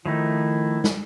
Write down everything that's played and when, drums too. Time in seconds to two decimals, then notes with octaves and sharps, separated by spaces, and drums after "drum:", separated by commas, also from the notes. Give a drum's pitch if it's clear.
0.06 D#3 F3 A3 D#4 E4
0.84 drum: snare